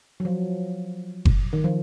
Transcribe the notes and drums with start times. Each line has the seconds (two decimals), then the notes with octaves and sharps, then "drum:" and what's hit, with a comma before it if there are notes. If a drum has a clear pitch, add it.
0.20 F#3
0.25 F3
1.25 drum: kick F#1
1.53 D#3
1.64 F3